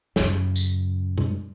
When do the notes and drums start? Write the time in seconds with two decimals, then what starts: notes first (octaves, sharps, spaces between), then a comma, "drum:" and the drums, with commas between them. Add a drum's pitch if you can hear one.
0.16 F#2 C#3, drum: snare
0.56 drum: tambourine
1.18 drum: tom B2